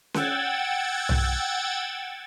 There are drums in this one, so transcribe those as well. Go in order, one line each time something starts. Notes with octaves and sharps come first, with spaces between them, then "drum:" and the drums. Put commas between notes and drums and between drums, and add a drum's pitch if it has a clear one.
F#5 G5 E6 G#6 A6, drum: snare C#4
drum: tom